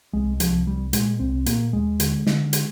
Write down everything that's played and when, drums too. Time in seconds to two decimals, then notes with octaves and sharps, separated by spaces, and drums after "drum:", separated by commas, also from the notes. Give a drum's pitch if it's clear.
0.13 C2 G#3
0.40 C2 F3, drum: hi-hat
0.67 C2 G3
0.93 A#2 G#3, drum: hi-hat
1.20 C2 C4
1.46 A#2 A#3, drum: hi-hat
1.73 D#2 G#3
2.00 D3, drum: hi-hat
2.27 D3, drum: snare
2.53 drum: hi-hat